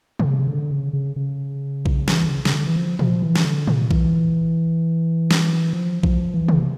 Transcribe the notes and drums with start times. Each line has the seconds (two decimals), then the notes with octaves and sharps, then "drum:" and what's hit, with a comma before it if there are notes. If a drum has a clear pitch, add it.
0.19 A#2, drum: tom C3
0.25 C#3
0.39 C#3
0.47 D3
0.70 C#3
0.93 C#3
1.16 C#3
1.86 drum: kick A#1
2.08 E3, drum: snare
2.26 D3
2.31 C#3
2.45 C#3, drum: snare
2.53 D3
2.66 E3
2.76 F3
2.99 F3, drum: tom A#2
3.22 E3
3.36 drum: snare
3.45 D3
3.67 A#2, drum: tom C3
3.91 E3, drum: kick A#1
5.31 drum: snare
5.73 F3
6.03 F3, drum: kick A#1
6.34 E3
6.48 drum: tom C3